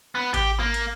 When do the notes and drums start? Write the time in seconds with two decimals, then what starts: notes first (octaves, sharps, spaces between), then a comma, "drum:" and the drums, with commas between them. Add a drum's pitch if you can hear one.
0.15 B3
0.34 G4, drum: kick A1, cymbal
0.60 A#3
0.74 drum: cymbal